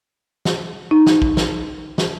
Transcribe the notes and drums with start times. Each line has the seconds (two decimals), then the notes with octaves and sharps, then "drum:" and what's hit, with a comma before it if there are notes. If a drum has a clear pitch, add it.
0.45 drum: snare
0.91 D#4
1.06 drum: snare
1.22 drum: kick
1.37 drum: snare
1.98 drum: snare